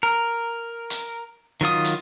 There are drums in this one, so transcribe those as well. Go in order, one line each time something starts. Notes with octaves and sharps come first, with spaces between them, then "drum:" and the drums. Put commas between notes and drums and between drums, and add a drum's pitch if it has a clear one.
A#4
drum: hi-hat
D#3 F#3 F4 D#6
drum: hi-hat